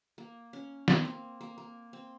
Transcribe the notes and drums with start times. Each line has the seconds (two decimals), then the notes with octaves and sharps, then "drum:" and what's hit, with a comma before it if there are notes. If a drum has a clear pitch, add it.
0.18 A#3
0.53 C#4
0.88 C4, drum: snare
1.05 A#3
1.41 A#3
1.58 A#3
1.93 C4